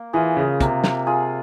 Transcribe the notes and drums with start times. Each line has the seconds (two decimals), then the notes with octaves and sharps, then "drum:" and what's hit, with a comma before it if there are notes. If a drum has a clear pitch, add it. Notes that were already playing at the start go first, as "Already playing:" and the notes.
Already playing: A#3
0.13 E3 F4 G#4
0.37 C#3
0.60 C3 A#3, drum: kick, hi-hat
0.84 drum: snare
1.07 F4 G#4